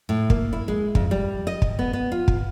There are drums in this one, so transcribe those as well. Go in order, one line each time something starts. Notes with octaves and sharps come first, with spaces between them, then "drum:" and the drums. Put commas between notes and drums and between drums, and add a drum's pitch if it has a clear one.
A2
A#3, drum: kick
E4
G#3
F2, drum: kick
G3
D#5
drum: kick
B3
B3
F4
drum: kick